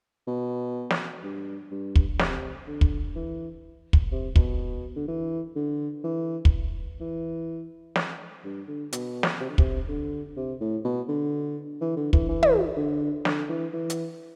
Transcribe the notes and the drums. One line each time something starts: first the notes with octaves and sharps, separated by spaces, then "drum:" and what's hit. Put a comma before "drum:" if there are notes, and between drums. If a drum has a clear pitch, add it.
B2
drum: snare
G2
G2
drum: kick
C3, drum: snare
D3
drum: kick
E3
drum: kick
C3
B2, drum: kick
D3
E3
D3
E3
drum: kick
E3
drum: snare
G2
D3
B2, drum: hi-hat
drum: snare
C3
D3
C3, drum: kick
D3
C3
A2
B2
D3
E3
D3
E3, drum: kick
E3
drum: tom
D3
D3, drum: snare
E3
E3
drum: hi-hat